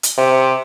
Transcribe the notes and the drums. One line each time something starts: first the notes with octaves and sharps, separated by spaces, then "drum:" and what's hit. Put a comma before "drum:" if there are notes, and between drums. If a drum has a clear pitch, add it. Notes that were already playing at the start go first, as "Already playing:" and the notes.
drum: hi-hat
C3